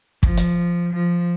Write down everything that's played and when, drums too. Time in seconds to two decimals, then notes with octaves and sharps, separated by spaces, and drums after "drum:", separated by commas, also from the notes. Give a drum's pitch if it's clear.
0.23 F3, drum: kick
0.37 drum: hi-hat
0.93 F3